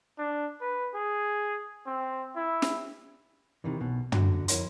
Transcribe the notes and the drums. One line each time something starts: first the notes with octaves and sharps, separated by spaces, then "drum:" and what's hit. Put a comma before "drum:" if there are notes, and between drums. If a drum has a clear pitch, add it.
D4
B4
G#4
C4
E4
drum: snare
C3 D#3 E3
B1 B2
D3 F#4, drum: tom
F2 E4 A#4 C#5 F#5 C6, drum: hi-hat